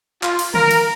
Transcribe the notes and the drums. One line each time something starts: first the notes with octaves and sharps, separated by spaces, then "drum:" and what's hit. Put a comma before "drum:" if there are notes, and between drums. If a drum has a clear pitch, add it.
F4, drum: clap
drum: cymbal
A#4, drum: tom D3
drum: cymbal